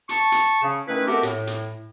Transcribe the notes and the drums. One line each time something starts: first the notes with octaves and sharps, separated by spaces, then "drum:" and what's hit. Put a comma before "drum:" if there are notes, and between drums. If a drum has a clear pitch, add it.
A5 C#6, drum: hi-hat
drum: hi-hat
C#3
D#3 A3 C#4 E4 B4
A3 B3 C4 F#4 G4 A#4
A2, drum: hi-hat
drum: hi-hat